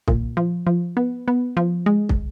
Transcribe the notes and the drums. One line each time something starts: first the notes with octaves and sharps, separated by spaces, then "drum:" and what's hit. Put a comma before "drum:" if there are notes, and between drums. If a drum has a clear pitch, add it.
A#2, drum: kick
F3
F3
B3
B3
F3
G#3
drum: kick